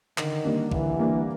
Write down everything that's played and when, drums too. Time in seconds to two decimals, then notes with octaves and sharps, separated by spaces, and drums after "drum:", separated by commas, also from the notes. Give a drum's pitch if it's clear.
0.18 D3 D#3, drum: clap
0.45 G3 A#3 D4
0.72 D3 E3, drum: kick
0.99 G3 A#3 D4